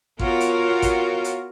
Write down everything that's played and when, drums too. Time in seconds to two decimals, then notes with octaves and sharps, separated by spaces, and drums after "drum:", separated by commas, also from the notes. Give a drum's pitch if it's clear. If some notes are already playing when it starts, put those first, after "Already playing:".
0.19 B3 F4 F#4 A#4 C#5, drum: kick A1
0.40 drum: hi-hat
0.82 drum: kick A1, hi-hat
1.24 drum: hi-hat